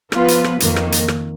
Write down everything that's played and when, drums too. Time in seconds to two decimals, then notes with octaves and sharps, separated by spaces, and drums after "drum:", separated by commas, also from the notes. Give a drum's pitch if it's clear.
0.12 F3 B3 F4 B4, drum: rim click
0.28 drum: hi-hat
0.44 drum: rim click
0.60 F2 D#3 A#3, drum: hi-hat
0.76 drum: rim click
0.92 drum: hi-hat
1.08 drum: rim click